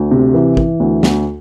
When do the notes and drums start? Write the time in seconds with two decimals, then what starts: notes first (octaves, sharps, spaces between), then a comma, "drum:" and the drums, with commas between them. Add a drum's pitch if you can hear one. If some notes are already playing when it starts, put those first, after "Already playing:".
Already playing: D2
0.11 C3
0.34 E3
0.57 E3, drum: kick
0.80 D2
1.03 D2, drum: snare